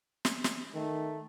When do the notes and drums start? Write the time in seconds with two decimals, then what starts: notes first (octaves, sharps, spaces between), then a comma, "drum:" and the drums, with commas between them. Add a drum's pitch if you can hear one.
0.25 drum: snare
0.44 drum: snare
0.74 D#3 A3